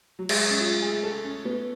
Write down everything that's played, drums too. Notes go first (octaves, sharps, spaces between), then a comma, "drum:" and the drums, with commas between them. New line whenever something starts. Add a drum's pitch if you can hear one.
F#3
G#3, drum: cymbal
C#4
F4
G#4
A4
C#4
B3